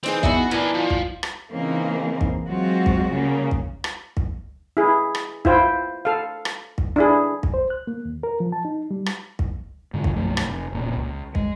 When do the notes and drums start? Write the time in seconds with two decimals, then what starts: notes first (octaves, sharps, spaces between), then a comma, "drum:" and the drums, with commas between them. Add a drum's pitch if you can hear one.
0.03 E3 C4 D#4 G#4
0.23 B3 F#4 D#5 E5, drum: kick
0.51 E3 B3 D4 D#4 A#4 G#5
0.74 F3
0.90 drum: kick
1.23 drum: rim click
1.50 C#3 E3 A#3 C4 D#4
2.21 drum: kick
2.48 F#3 G#3 C4 F4 F#4
2.86 drum: kick
3.13 C#3 G3 A#3
3.51 drum: kick
3.84 drum: rim click
4.17 drum: kick
4.77 E4 G#4
5.15 drum: rim click
5.45 E4 F4 C5 G5, drum: kick
6.05 A4 F5
6.45 drum: rim click
6.78 drum: kick
6.96 D4 E4 G#4
7.43 drum: kick
7.54 C5
7.70 F#6
7.87 A#3
8.05 D#2
8.23 A#4
8.40 F3
8.52 A5
8.65 D#4
8.91 G3
9.06 drum: rim click
9.39 drum: kick
9.94 G#2 D3
10.04 drum: kick
10.16 B1 F#2 F3 A3
10.37 drum: rim click
10.47 F1
10.73 E1 A#2 C#3
10.97 C#2
11.35 G#3, drum: kick